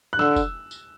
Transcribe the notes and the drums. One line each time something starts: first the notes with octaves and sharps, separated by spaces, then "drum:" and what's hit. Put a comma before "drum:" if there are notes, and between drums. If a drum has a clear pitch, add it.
F#6
D3 E6, drum: snare
drum: kick F1, tambourine
drum: tambourine